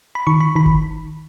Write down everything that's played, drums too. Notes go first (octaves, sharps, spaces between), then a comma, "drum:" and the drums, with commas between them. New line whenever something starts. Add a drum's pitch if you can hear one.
B5
D#3 C#6
B5
D#3 B5
drum: kick F#1